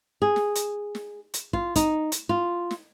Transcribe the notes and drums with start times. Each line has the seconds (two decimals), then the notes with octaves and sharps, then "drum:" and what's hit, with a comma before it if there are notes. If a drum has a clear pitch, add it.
0.22 G#4
0.36 drum: snare
0.56 drum: hi-hat
0.95 drum: snare
1.34 drum: hi-hat
1.53 F4, drum: kick
1.76 D#4, drum: kick, hi-hat
2.12 drum: hi-hat
2.29 F4
2.71 drum: snare